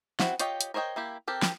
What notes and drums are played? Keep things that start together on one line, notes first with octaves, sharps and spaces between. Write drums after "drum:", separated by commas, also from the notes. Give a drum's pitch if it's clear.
C4 E4 F#4 F#5, drum: snare
F4 G4 C#5 D#5 G5, drum: hi-hat
drum: hi-hat
A#4 C5 C#5 D#5 G5
A#3 E4 G4
C4 G4 A4 A#4
drum: snare